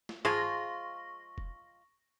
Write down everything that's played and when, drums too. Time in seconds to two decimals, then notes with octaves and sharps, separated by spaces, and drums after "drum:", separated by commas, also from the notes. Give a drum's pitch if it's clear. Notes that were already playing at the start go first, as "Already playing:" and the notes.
0.09 drum: snare
0.25 F3 G#3 F4 G#4 C#6 A#6, drum: tom G2
1.38 drum: kick F1